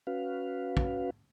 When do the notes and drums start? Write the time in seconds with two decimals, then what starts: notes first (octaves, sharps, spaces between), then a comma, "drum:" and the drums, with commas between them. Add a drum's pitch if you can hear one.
0.07 C#4 F#4 B4 F5
0.77 drum: kick